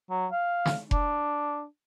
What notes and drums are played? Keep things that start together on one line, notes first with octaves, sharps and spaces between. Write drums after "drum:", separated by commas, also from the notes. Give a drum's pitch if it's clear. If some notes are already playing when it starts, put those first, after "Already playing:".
F#3
F5
drum: snare
D4, drum: kick F1